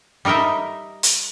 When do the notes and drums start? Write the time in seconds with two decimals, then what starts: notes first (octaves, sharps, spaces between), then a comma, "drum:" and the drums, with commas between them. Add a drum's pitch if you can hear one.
0.25 G3 D#4 A#4 D#5 E5
1.03 drum: hi-hat